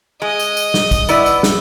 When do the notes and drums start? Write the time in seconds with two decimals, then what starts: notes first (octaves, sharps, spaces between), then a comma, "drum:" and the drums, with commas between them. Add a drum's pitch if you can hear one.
0.22 G#3 D#5
0.39 drum: tambourine
0.57 drum: tambourine
0.74 drum: snare
0.91 drum: kick, tambourine
1.09 B3 E4 D5, drum: tambourine
1.26 drum: tambourine
1.43 drum: snare